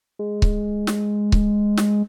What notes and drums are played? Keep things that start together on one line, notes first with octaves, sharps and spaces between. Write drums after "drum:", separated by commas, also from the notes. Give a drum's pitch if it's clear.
G#3
drum: kick C#1
drum: snare
drum: kick C#1
drum: snare